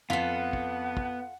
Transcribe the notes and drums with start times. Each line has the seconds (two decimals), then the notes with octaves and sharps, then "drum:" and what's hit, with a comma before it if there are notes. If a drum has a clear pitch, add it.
0.10 F2 B3 F4 A4 F#5 B6
0.53 drum: kick
0.97 drum: kick